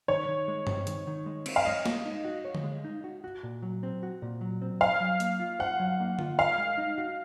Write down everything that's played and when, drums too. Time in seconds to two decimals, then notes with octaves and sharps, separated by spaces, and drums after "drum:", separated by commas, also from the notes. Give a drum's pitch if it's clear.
0.08 D#3 C#5
0.28 D#3
0.48 G#3
0.67 C4, drum: tom G2
0.87 D#3, drum: hi-hat
1.07 D#3
1.26 G#3
1.46 C4, drum: cymbal
1.56 F5
1.65 C#5 D#5
1.86 G#3, drum: snare
2.05 D#4
2.25 F#4
2.45 C#5
2.55 drum: tom D3
2.64 G#3
2.84 D#4
3.04 F#4
3.24 F#4
3.43 A#2
3.62 F#3
3.83 C4
4.03 F#4
4.22 A#2
4.41 F#3
4.62 C4
4.81 C5 F5
5.01 F#3
5.20 A#3, drum: hi-hat
5.40 F4
5.59 C5 F#5
5.80 F#3
6.00 A#3
6.19 F4, drum: tom D3
6.38 A#4 F5
6.58 G#3
6.78 D#4
6.98 F#4